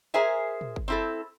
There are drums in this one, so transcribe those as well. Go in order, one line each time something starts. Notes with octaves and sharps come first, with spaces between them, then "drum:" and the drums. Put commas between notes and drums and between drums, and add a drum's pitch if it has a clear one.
G#4 A#4 C5 E5 G#5
drum: tom
drum: kick
C4 E4 A4